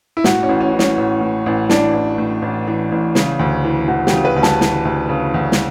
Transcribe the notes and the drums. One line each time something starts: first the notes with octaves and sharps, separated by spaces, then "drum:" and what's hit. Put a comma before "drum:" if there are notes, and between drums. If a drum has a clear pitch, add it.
E4
A2 F#4, drum: snare
C#4
A1
C#4
E3
C#4, drum: snare
A1
A2
A1
E3 D4, drum: snare
A1
A2
A1
E3
A1
C#3, drum: snare
D2
E3
D2 F#4
G4, drum: snare
C#3
B4
D2
A5, drum: snare
E3, drum: snare
D2
C#3
D2
drum: snare